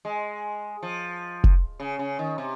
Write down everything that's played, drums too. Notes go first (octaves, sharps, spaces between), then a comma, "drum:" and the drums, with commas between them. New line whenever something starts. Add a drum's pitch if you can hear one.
G#3
F3
drum: kick F1
C#3
C#3
D#3
C3